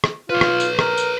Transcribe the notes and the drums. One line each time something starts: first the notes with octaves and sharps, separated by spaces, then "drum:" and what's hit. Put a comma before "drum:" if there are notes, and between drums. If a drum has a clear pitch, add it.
drum: rim click
F4 B4 C#5
drum: rim click
drum: tambourine
A#4, drum: rim click
drum: tambourine